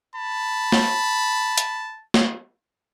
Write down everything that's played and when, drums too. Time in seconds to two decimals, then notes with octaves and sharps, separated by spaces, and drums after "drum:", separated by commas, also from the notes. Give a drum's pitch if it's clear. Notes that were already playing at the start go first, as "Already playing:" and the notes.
0.16 A5 B5
0.72 drum: snare
1.58 drum: hi-hat
2.14 drum: snare